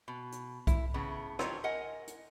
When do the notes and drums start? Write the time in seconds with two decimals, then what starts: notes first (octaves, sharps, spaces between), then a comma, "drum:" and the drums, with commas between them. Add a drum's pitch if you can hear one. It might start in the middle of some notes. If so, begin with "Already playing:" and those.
0.08 B2
0.32 drum: hi-hat
0.67 E4, drum: kick B1, hi-hat
0.94 A2 C#3 B3
1.39 D4 D#4 F4 G4 C#5 D5, drum: rim click
1.64 A#4 D#5 F#5 G#5
2.07 drum: hi-hat